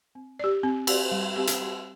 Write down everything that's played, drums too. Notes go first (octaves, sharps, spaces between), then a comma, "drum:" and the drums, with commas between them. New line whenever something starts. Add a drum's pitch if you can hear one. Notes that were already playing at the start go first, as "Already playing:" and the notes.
C4
G4 D5
C4
G4 D5, drum: cymbal
G3
C4 G4
drum: hi-hat
G3